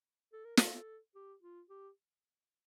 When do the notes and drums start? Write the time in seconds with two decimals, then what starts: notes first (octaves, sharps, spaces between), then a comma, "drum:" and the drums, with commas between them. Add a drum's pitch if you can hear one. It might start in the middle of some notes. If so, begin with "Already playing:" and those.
0.33 A4
0.45 A#4
0.57 A4, drum: snare
1.15 G4
1.42 F4
1.70 G4